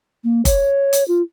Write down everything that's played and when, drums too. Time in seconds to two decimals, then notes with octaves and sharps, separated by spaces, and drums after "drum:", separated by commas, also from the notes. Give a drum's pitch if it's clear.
0.24 A#3
0.45 C#5, drum: kick, hi-hat
0.93 drum: hi-hat
1.08 F4